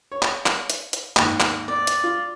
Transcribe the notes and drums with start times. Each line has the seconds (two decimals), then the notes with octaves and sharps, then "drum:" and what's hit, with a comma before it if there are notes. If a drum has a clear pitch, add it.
0.12 C#5
0.22 drum: clap
0.46 drum: clap
0.70 drum: hi-hat
0.93 drum: hi-hat
1.17 D#2 G#2, drum: clap
1.40 drum: clap
1.68 D5
1.87 drum: hi-hat
2.04 F4